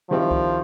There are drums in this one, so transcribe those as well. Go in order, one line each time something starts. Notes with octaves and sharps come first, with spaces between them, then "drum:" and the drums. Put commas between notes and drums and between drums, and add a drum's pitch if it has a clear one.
D#3 F3 G3 C4 E4
drum: kick C2